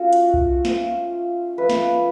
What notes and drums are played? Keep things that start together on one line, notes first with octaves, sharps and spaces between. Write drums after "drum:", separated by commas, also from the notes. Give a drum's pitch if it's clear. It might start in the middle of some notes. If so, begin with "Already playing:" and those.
Already playing: A3 C#4 F4 F#4
drum: hi-hat
drum: kick B1
A3 C#4 F4 C5, drum: snare
F3 A3 C#4 B4
drum: snare